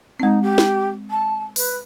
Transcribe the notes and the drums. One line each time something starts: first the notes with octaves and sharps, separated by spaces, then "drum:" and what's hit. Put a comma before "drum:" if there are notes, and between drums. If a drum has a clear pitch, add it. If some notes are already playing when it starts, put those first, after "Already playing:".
G#3 C4 D#4
G4
drum: snare
A5
B4, drum: open hi-hat